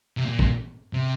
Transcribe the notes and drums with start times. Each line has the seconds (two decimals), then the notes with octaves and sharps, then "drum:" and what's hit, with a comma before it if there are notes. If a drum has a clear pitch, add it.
0.17 C3
0.25 A#2
0.39 drum: kick
0.93 C3